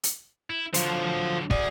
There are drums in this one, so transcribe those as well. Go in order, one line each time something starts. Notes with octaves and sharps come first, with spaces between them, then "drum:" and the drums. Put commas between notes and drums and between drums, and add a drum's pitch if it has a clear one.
drum: hi-hat
E4
D3 F#3 F4 C5, drum: hi-hat
F#4 G#4 D5, drum: kick